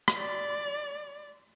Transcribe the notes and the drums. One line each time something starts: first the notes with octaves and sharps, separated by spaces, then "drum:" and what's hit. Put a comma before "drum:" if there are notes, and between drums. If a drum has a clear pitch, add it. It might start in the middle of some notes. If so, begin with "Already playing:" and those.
drum: rim click
D5